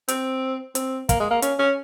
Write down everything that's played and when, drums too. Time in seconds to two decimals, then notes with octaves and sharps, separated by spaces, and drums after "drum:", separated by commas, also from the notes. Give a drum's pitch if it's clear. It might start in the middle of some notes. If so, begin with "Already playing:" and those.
0.08 C4, drum: hi-hat
0.75 C4, drum: hi-hat
1.09 A#3, drum: kick, hi-hat
1.20 G#3
1.31 A#3
1.42 C#4, drum: hi-hat
1.59 C#4